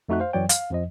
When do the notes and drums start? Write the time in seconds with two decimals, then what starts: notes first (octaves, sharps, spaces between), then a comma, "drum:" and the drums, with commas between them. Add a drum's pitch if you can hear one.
0.09 F2 A3 D#4 F#4 E5 F#6
0.20 C5 F5
0.33 F#2 E3 F#3 C#5 D5 G5
0.49 F5, drum: hi-hat
0.71 F2 F3 D#5